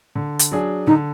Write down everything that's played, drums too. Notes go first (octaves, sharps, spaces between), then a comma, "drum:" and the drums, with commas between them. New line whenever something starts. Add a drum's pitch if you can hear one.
D3
drum: hi-hat
F#3 D4 G#4
D3 D#4